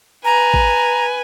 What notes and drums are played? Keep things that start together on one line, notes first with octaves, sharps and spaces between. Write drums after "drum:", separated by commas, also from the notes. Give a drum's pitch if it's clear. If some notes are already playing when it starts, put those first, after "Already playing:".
B4 G#5 A#5
drum: kick A1